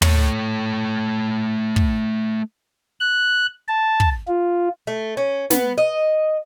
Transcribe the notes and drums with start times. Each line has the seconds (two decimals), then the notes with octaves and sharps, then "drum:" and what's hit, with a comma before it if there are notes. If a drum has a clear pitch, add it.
0.02 A3 C#5, drum: tom
1.76 drum: kick
3.00 F#6
3.68 A5
4.00 drum: kick
4.28 F4
4.87 A3
5.17 C#4
5.50 B3, drum: snare
5.78 D#5